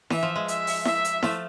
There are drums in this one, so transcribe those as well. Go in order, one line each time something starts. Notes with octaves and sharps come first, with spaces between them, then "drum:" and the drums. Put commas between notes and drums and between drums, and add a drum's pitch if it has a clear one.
E3 E5, drum: snare E4
F3
G#3
E5, drum: hi-hat
drum: open hi-hat
E5, drum: snare E4
drum: hi-hat
F3 A3, drum: snare E4